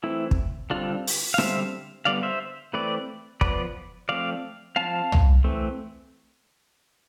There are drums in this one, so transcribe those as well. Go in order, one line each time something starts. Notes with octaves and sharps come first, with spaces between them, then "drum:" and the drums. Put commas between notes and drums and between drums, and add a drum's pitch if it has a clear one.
E3 A3 C4 E4
drum: kick
D3 G3 C4 D4 F4
drum: open hi-hat
F5
D3 G3 C4 C5 E5, drum: rim click
D3 G3 B3 D5 F5
C5 E5
E3 A3 C4 B4 D5
F3 B3 B4 D5, drum: kick
F3 A3 C4 D5 F5
F3 C4 F5 A5
drum: tom C2
E3 A3 C4